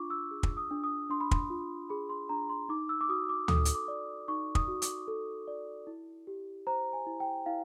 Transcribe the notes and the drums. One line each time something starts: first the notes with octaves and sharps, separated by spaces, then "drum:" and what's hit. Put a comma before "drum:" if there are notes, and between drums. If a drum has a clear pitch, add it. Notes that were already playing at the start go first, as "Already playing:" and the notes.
Already playing: D4 F4 C#6 D6
E6
G#4
drum: kick
D#6
D4
D#6
D4 C6
B5
C6, drum: kick
F4
G#4 B5
C6
D4 A#5
C6
D#4 D6
E6
D6
F#4 D#6
D6
A4 D#6, drum: tom D2
drum: hi-hat
D6
D5
D#4 C#6
D#6, drum: kick
F#4
D6, drum: hi-hat
A4
D5
E4
G4
C5 A#5
G#5
E4
G5
E4 F5